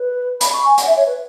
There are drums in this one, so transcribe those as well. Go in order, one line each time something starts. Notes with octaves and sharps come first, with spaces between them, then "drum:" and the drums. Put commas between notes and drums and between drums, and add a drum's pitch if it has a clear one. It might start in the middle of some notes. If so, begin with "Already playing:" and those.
Already playing: B4
B5, drum: hi-hat
C#6
G#5
F#5, drum: hi-hat
E5
C#5
B4